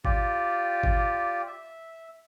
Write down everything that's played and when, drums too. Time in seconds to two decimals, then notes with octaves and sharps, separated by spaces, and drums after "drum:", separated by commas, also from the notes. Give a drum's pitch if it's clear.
0.05 F4 G4 D5, drum: kick G#1
0.83 drum: kick G#1
1.47 E5